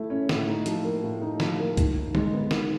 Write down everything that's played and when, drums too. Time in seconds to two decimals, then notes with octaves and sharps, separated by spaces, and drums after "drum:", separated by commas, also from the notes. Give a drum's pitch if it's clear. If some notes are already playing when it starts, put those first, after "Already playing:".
Already playing: A3 E4
0.10 C#4
0.29 A2, drum: snare
0.48 D#4
0.66 F3, drum: hi-hat
0.84 A#3
1.03 A2
1.21 D#4
1.40 F3, drum: snare
1.59 A#3
1.77 D#3, drum: kick C2, hi-hat
1.96 D#3
2.15 G#3, drum: tom
2.33 B3
2.51 D#3, drum: snare